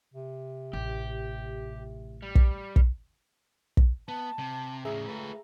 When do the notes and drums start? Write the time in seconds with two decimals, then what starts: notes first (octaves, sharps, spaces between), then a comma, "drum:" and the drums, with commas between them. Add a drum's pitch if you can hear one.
0.14 C3
0.73 A1 G4
2.22 G3
2.35 drum: kick
2.76 drum: kick
3.77 drum: kick
4.08 B3 A5
4.39 C3
4.85 A2 C#3 G#4 E5 A#5
5.08 A3 F4 B4